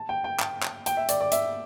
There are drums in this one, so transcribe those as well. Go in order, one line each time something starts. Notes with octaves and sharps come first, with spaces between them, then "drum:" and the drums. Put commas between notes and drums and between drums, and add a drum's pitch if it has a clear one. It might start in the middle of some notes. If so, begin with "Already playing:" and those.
Already playing: A5
G5
G5
drum: clap
drum: clap
G5, drum: hi-hat
E5
D5, drum: hi-hat
D5
E5, drum: hi-hat